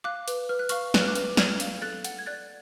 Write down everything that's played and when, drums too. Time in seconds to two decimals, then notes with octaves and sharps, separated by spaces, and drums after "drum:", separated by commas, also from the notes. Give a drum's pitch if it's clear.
0.04 F5 D6 F#6
0.28 B4, drum: hi-hat
0.49 B4 F6
0.59 F#6
0.69 F5 C#6 F6, drum: hi-hat
0.94 B4 F#6, drum: snare
1.01 F6
1.08 D6 F#6
1.15 B4, drum: hi-hat
1.37 D5 F6 G#6, drum: snare
1.60 F5, drum: hi-hat
1.82 A4 F#6 A6
2.04 F#5, drum: hi-hat
2.19 G#6
2.26 D5 F#6 A6